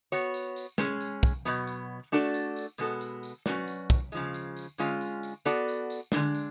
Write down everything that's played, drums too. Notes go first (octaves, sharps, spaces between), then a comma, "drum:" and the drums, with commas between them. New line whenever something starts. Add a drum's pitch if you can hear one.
B3 F#4 C#5, drum: tambourine
drum: tambourine
drum: tambourine
G#3 C#4 G#4, drum: snare
drum: tambourine
drum: kick, tambourine
B2 F#3 B3, drum: tambourine
drum: tambourine
A3 D4 F#4 A4 D5
drum: tambourine
drum: tambourine
B2 G#3 B3 F#4 A4, drum: tambourine
drum: tambourine
drum: tambourine
F#3 C#4 F#4 B4 D5, drum: snare
drum: tambourine
drum: kick, tambourine
C#3 F3 G#3, drum: tambourine
drum: tambourine
drum: tambourine
D3 G#3 C#4 F4, drum: tambourine
drum: tambourine
drum: tambourine
B3 F#4 A4 D5, drum: tambourine
drum: tambourine
drum: tambourine
D3 G#3 D4, drum: snare
drum: tambourine